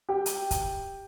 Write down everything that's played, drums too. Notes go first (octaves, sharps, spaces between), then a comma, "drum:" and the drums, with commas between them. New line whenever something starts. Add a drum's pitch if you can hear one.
G4 G5
drum: hi-hat
drum: kick, hi-hat